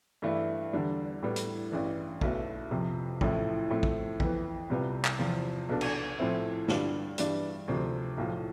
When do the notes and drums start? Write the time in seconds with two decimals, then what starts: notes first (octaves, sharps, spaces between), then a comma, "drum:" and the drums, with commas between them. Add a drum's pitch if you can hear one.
0.22 G2 E3 A3 E4 B4
0.73 E2 D3 G3 D4
1.22 A2 G3 B3
1.36 drum: hi-hat
1.72 A1 G2 E3
2.21 B1 B2 A3 E4, drum: kick
2.71 F2 C3 F3
3.21 A1 A2 F3 A3 E4, drum: kick
3.70 A2 F3 A3 C4 E4
3.83 drum: kick
4.20 F2 E3 B3, drum: kick
4.70 C2 C3 G3 B3 F4
5.05 drum: clap
5.19 E2 C3 F3 C4 F4
5.69 B1 B2 B3 D4 A4
5.81 drum: cymbal
6.19 A2 F3 C4 E4
6.68 G2 D3 G3 D4 F4, drum: snare
7.18 G2 E3 G3 D4, drum: hi-hat
7.68 D2 C3 F3 C4
8.18 B1 A2 F3